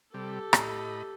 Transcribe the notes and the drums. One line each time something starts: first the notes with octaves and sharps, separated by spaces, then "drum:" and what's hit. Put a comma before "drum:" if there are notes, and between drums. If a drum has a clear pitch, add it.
C3 G3 G4 A4
A2 D#5 B5, drum: rim click